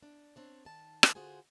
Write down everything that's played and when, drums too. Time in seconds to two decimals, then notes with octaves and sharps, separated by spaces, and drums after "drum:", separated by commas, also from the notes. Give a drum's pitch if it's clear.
0.03 D4
0.36 C4 D4 C#5
0.65 D#3 A5
1.03 drum: rim click
1.15 D3 F4 F#4 G#4 C5 G#5